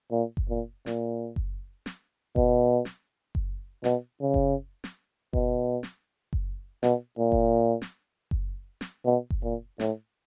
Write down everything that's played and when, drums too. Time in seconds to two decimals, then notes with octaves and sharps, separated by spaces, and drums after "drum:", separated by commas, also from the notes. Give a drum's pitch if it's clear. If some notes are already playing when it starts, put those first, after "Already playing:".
0.12 A#2
0.37 drum: kick F#1
0.50 A#2
0.86 A#2, drum: snare
1.36 drum: kick F#1
1.86 drum: snare
2.36 B2, drum: kick F#1
2.85 drum: snare
3.35 drum: kick F#1
3.84 B2, drum: snare
4.21 C#3
4.34 drum: kick F#1
4.84 drum: snare
5.33 B2, drum: kick F#1
5.83 drum: snare
6.33 drum: kick F#1
6.83 B2, drum: snare
7.19 A#2
7.32 drum: kick F#1
7.82 drum: snare
8.31 drum: kick F#1
8.81 drum: snare
9.05 B2
9.30 drum: kick F#1
9.43 A#2
9.80 A2, drum: snare